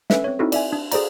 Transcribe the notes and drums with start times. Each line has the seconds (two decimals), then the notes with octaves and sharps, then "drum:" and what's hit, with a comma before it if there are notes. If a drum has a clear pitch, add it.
0.10 C#4 A4 B4 E5, drum: snare
0.24 C4 C#5
0.39 C4 D#4 E4 F#4 A4
0.52 D5 E5 G#5, drum: cymbal
0.72 D4
0.92 G#4 A4 C5 D5 A#5, drum: cymbal